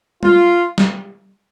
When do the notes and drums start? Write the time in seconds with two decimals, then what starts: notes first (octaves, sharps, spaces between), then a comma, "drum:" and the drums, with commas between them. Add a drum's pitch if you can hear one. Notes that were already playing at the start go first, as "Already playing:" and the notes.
0.23 F4, drum: tom G3
0.78 drum: snare